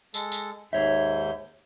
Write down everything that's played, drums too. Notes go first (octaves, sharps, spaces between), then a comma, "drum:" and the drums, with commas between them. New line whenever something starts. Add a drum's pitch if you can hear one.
G#3 A4, drum: tambourine
drum: tambourine
D#2 G#2 C#5 E5 G6